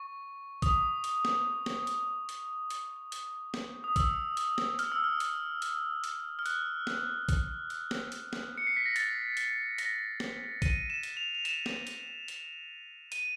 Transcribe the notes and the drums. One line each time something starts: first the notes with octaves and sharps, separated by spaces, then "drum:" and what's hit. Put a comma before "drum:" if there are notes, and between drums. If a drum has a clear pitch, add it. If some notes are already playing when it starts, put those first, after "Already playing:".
Already playing: C#6
D#6, drum: kick, hi-hat
drum: hi-hat
drum: snare
drum: snare
drum: hi-hat
drum: hi-hat
drum: hi-hat
drum: hi-hat
drum: snare
D#6
E6, drum: kick, hi-hat
drum: hi-hat
drum: snare
F6, drum: hi-hat
E6
F6
drum: hi-hat
drum: hi-hat
drum: hi-hat
F6
F#6, drum: hi-hat
drum: snare
drum: kick, hi-hat
drum: hi-hat
drum: snare
drum: hi-hat
drum: snare
C#7
C7
B6
A#6
A6, drum: hi-hat
drum: hi-hat
A#6, drum: hi-hat
drum: snare
D#7, drum: kick, hi-hat
E7
drum: hi-hat
F7
F7
E7, drum: hi-hat
drum: snare
drum: hi-hat
drum: hi-hat
D#7, drum: hi-hat